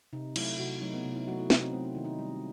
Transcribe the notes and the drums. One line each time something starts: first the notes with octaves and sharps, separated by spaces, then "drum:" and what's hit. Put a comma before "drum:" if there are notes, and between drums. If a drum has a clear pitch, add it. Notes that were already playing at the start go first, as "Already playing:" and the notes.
C3 D#4
F#3 A3 E4, drum: cymbal
C3 F#4
F#3 A3 D#4
B3
C3
E4
D#4
F#3 A3 F#4
E4
C3 D#4, drum: snare
C4
F#3 A3 C4
D#4
D#3 E4
D#4
G3